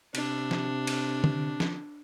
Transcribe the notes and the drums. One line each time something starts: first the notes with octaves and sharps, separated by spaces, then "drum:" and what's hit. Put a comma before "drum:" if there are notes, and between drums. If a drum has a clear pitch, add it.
C3 D4, drum: cymbal
drum: snare
drum: cymbal
drum: tom D3
drum: snare